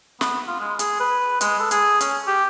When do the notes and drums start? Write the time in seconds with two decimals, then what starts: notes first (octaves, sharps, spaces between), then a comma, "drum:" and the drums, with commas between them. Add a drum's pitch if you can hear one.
0.21 B3, drum: snare
0.47 F4
0.59 G#3
0.79 G#4, drum: hi-hat
1.00 B4
1.41 G#3, drum: hi-hat
1.59 A4
1.71 G#4, drum: hi-hat
2.01 C#4, drum: hi-hat
2.27 G4